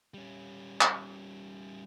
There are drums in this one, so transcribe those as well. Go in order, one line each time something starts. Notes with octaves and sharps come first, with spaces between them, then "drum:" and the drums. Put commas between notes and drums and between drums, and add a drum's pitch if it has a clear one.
G3 C#4
drum: clap